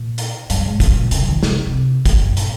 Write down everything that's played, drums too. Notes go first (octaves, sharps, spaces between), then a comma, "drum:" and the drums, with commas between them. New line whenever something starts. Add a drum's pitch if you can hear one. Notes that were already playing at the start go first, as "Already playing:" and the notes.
Already playing: A#2
drum: hi-hat
G2, drum: hi-hat
G#2
C#3, drum: kick, hi-hat
A#2
C#3, drum: hi-hat
F3
D#3
C#3, drum: snare
C3
A#2
C3
A#2, drum: kick, hi-hat
G2
G#2
A#2, drum: hi-hat